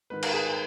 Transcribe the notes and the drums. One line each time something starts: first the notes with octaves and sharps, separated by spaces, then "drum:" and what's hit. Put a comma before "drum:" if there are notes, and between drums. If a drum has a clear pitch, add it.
G#2 D#3 B4
A#4, drum: cymbal
G#4 B4